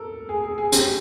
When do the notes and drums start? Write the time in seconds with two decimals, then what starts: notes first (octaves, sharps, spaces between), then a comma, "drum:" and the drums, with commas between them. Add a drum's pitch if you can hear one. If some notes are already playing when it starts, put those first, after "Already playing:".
Already playing: A4 A#4
0.29 G#4
0.44 G#4
0.58 G#4
0.72 G4, drum: hi-hat